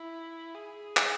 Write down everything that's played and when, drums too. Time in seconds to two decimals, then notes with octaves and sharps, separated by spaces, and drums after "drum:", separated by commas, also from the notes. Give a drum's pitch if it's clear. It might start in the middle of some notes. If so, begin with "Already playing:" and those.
Already playing: E4
0.55 G#4
0.97 drum: clap